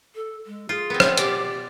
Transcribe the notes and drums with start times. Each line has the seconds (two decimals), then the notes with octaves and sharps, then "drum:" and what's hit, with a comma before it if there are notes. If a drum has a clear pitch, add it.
0.15 A4
0.46 G#3
0.69 F4 G#4
0.90 B3 C4
1.00 drum: rim click
1.17 B2 G4 D5, drum: hi-hat